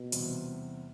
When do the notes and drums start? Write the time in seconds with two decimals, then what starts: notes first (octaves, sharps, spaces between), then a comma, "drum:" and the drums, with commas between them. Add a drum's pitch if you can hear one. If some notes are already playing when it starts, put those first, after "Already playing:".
Already playing: B2
0.12 E2 C3 G3 C4, drum: hi-hat